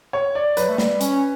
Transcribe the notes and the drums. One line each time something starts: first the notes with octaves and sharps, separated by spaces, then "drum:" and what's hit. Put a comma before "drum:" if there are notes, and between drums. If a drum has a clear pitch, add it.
C#5
D5
F#3 B4, drum: hi-hat
A3
G3, drum: snare
C#4, drum: hi-hat